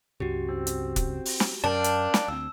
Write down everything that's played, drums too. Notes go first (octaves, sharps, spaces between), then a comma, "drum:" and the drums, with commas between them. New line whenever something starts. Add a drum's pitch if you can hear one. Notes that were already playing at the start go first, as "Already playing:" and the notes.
C#2 G2 C#3 F#4 G4
C4
drum: hi-hat
drum: kick, hi-hat
drum: open hi-hat
drum: snare
F#2 C#4 D4 A#4 F5 G5 A5
drum: hi-hat
drum: snare
D2 C4 E6